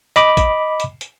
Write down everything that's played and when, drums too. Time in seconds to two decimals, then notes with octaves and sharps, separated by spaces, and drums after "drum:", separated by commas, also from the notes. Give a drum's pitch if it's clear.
0.16 D#5 B5 D6, drum: hi-hat
0.37 drum: kick, hi-hat
0.80 drum: hi-hat
1.01 drum: hi-hat